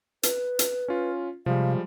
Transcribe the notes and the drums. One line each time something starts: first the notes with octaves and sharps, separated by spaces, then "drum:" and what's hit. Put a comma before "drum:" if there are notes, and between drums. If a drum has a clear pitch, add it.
B4, drum: hi-hat
drum: hi-hat
C#4 F4
C3 F3 G3 G#3 F5